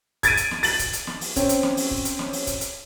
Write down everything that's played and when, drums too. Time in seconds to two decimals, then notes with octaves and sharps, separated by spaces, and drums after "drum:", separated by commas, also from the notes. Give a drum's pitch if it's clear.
0.23 G#6 A6 D7 D#7, drum: kick, hi-hat
0.37 drum: hi-hat
0.51 drum: snare
0.63 A6 F#7, drum: open hi-hat
0.79 drum: kick, hi-hat
0.93 drum: hi-hat
1.07 drum: snare
1.21 drum: open hi-hat
1.36 C4 C#4 C#5, drum: kick, hi-hat
1.49 drum: hi-hat
1.63 drum: snare
1.77 drum: open hi-hat
1.91 drum: kick
2.05 drum: hi-hat
2.19 drum: snare
2.33 drum: open hi-hat
2.47 drum: kick, hi-hat
2.61 drum: hi-hat